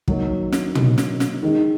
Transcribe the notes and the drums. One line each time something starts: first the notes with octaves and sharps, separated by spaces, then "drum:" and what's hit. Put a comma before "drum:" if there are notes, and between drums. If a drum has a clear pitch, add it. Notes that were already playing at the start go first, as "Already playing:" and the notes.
D#3 F#3 A#3 D#4, drum: kick
drum: snare
D#3 F#3 A#3 D#4, drum: tom
drum: snare
drum: snare
D#3 G#3 D#4